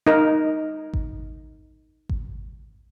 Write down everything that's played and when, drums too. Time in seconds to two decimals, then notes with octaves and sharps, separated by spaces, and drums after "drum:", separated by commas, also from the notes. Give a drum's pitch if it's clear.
0.07 D#4 A#4
0.93 drum: kick G#1
2.09 drum: kick G#1